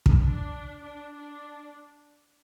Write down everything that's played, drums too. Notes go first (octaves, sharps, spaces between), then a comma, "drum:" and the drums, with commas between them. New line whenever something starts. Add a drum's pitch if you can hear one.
drum: kick
D4
D4
D4